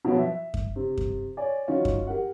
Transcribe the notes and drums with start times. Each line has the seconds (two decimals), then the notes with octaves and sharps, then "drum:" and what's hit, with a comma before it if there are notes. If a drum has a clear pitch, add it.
0.05 B2 F3 F#3 B3
0.19 E5
0.54 drum: kick F#2
0.76 C3
0.98 drum: kick F#2
1.37 C#5 D5 G#5
1.68 D#3 F#3 C#4 D#4 F4 F#4
1.85 drum: kick F#2
2.07 G4 A#4 F#5